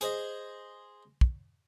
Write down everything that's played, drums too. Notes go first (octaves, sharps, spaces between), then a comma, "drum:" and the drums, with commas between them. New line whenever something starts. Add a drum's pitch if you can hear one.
G#4 C5 D#5, drum: hi-hat
drum: kick